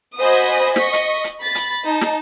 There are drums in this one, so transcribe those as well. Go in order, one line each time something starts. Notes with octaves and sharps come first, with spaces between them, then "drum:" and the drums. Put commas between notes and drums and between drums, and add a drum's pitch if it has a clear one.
F#4 C5 D#5 G#5 B5 D#6
D#5 C#6 B6, drum: snare
drum: hi-hat
drum: hi-hat
B5 A6
drum: hi-hat
D#4 A5
drum: snare